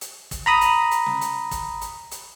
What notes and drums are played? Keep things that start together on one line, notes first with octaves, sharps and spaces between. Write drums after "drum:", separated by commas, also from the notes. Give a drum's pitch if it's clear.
drum: hi-hat
drum: kick, hi-hat
A#5 B5 D#6
drum: hi-hat
drum: hi-hat
drum: snare
drum: hi-hat
drum: kick, hi-hat
drum: hi-hat
drum: hi-hat